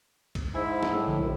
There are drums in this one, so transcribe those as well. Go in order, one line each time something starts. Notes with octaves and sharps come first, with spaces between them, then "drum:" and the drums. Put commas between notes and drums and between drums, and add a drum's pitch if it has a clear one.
drum: kick, cymbal
G#2 E4 C5 G#5
drum: snare
A2 G#3
B1 D3 F3
A#1 F#2